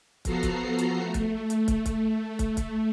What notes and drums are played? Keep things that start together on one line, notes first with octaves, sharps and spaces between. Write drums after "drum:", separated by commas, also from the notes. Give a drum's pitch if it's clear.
F3 B3 F#4 A4 A#5 C7, drum: kick, hi-hat
drum: kick, hi-hat
drum: hi-hat
A3
drum: kick, hi-hat
drum: hi-hat
drum: kick, hi-hat
drum: kick, hi-hat
drum: kick, hi-hat
drum: kick, hi-hat